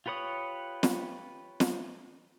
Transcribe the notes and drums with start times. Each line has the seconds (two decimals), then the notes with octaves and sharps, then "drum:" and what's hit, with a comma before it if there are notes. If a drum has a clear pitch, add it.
0.06 F4 G4 B4 C#5 D#6
0.83 drum: snare
1.60 drum: snare